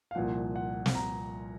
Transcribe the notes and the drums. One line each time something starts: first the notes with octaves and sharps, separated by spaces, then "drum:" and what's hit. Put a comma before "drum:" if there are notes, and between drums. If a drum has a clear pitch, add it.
F5
C2 A#2 F3 F#5
F#5
drum: snare
A#5